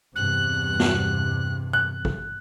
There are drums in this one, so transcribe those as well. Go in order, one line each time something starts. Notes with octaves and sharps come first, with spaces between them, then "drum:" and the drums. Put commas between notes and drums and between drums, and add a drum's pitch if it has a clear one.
E2 G2 C3 F#6
drum: snare
F#6
drum: kick